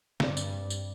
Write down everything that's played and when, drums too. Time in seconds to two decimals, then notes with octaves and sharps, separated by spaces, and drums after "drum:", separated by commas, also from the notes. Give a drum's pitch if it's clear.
0.20 G2 C4 D5, drum: snare
0.37 drum: tambourine
0.70 drum: tambourine